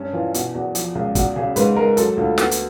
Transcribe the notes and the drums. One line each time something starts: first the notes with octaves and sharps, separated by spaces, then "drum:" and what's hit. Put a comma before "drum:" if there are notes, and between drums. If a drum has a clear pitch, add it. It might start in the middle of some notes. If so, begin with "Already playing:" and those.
Already playing: G2 C#4
E3 F4
B2 F#4, drum: hi-hat
E2 F#4
F3, drum: hi-hat
C#2
E2 F#4, drum: kick, hi-hat
C#3 G#4
G#2 B4, drum: hi-hat
G#3 A#4
F#3 A4, drum: hi-hat
D2 F4
B3 F#4, drum: snare
drum: hi-hat